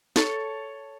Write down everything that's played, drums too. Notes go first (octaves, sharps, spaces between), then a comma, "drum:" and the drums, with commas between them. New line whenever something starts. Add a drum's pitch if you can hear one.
A4 C#5, drum: snare